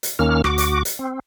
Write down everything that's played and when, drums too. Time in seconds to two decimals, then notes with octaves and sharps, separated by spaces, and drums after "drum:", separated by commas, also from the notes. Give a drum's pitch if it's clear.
0.03 drum: hi-hat
0.19 D#2 D#3 A#3 C#4 F6
0.44 D2 F#4 D6, drum: rim click
0.58 drum: hi-hat
0.85 drum: hi-hat
0.99 C4